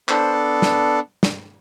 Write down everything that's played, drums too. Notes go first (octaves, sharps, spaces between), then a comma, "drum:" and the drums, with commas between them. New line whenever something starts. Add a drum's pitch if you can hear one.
B3 D4 A4 C5, drum: clap
drum: snare
drum: snare